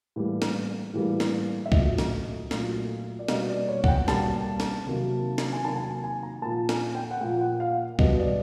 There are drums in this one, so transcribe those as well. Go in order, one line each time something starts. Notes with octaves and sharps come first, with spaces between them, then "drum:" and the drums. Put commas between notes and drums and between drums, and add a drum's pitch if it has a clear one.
A2 E3 G3 A#3
drum: snare
A2 E3 G3 A#3
drum: snare
E5
A#2 F#3 A3 D#5, drum: kick C2
drum: snare
A#2 F#3 A3, drum: snare
D5
B2 G3 A#3 D#5, drum: snare
D5
C#5
F#5, drum: kick C2
G5
B2 G3 A#3 A5, drum: snare
drum: snare
C3 D#3 F#3 A#3
drum: snare
G#5
C3 D#3 F#3 A#3 A5
A5
G#5
G#5
A#5
A#2 F3 A#3 A5
G#5, drum: snare
G5
F#5
A#2 F3 A#3 G5
F#5
F5
B2 G3 B3 D#5, drum: kick C2
D5